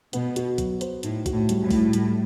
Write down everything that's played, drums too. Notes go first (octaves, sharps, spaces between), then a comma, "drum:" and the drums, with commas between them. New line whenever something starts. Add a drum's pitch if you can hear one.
B2 B3, drum: hi-hat
F#4, drum: hi-hat
F#3, drum: kick, hi-hat
C5, drum: hi-hat
A2 D#4, drum: hi-hat
F#4, drum: kick, hi-hat
A2
G3, drum: hi-hat
A2
G3, drum: kick, open hi-hat
G3, drum: hi-hat